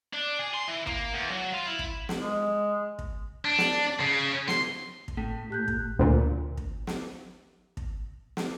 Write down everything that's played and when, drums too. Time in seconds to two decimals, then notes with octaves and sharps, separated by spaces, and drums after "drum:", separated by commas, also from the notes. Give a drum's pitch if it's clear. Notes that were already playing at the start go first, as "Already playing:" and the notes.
0.13 D4
0.39 G#4
0.54 C6
0.68 E3
0.87 A#3, drum: kick
1.13 E2
1.30 F#3
1.53 F4
1.67 E4
1.79 drum: kick
2.09 drum: snare
2.21 G#3
2.99 drum: kick
3.45 D4
3.58 drum: snare
4.00 C#3
4.48 C6, drum: snare
5.08 drum: kick
5.17 A2 B6
5.50 G4 F#6 G6
5.68 drum: kick
5.99 D2 A#2
6.57 drum: kick
6.87 drum: snare
7.77 drum: kick
8.37 drum: snare